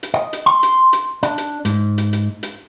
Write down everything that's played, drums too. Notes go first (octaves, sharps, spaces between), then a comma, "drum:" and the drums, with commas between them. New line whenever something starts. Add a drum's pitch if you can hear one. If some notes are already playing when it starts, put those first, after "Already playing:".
drum: hi-hat
D#5
drum: hi-hat
C6
drum: hi-hat
drum: hi-hat
D4, drum: hi-hat
drum: hi-hat
G#2, drum: hi-hat
drum: hi-hat
drum: hi-hat
drum: hi-hat